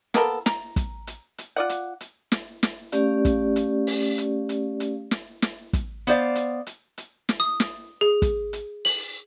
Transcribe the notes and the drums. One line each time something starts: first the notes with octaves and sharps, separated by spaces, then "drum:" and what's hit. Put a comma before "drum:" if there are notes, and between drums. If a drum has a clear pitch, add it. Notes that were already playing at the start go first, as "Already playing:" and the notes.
A#3 B3 A4 A#4, drum: snare
A#5, drum: snare
drum: kick, hi-hat
drum: hi-hat
drum: hi-hat
F4 D5 F#5
drum: hi-hat
drum: hi-hat
drum: snare
drum: snare
A3 C#4 G4 D5 F5, drum: hi-hat
drum: kick, hi-hat
drum: hi-hat
drum: open hi-hat
drum: hi-hat
drum: hi-hat
drum: hi-hat
drum: snare
drum: snare
drum: kick, hi-hat
B3 C5 D5 F5, drum: hi-hat
drum: hi-hat
drum: hi-hat
drum: hi-hat
drum: snare
D#6
drum: snare
G#4
drum: kick, hi-hat
drum: hi-hat
F#7, drum: open hi-hat